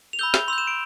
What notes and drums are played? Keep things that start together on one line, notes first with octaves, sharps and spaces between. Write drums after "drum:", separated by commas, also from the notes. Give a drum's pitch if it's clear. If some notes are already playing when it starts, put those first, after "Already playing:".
F7
B5 E6 G6 G7
drum: snare
C6 E6 G6 F7
E7
D7